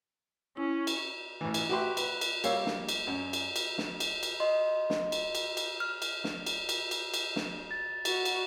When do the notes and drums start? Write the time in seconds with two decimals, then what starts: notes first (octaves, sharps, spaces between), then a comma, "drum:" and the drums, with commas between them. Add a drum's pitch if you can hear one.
0.57 C#4 E4
0.87 drum: cymbal
1.41 A1 E3
1.54 drum: cymbal
1.69 F#4 G4 B4 E5 C6
1.97 B4, drum: cymbal
2.21 drum: cymbal
2.44 G3 A#3 C#5 F5 E6, drum: cymbal
2.66 drum: snare
2.89 drum: cymbal
3.07 F#2
3.33 drum: cymbal
3.56 drum: cymbal
3.78 drum: snare
4.00 drum: cymbal
4.23 drum: cymbal
4.40 D#5 C6
4.90 drum: snare
5.12 drum: cymbal
5.35 drum: cymbal
5.57 drum: cymbal
5.80 F6
6.02 drum: cymbal
6.24 drum: snare
6.46 drum: cymbal
6.69 drum: cymbal
6.91 drum: cymbal
7.14 drum: cymbal
7.36 drum: snare
7.71 A6
8.05 F#4, drum: cymbal
8.25 drum: cymbal